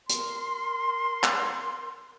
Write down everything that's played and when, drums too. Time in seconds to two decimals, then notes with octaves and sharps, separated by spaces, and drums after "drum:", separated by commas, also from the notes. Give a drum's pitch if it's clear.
0.09 A#4 C6, drum: hi-hat
1.23 drum: clap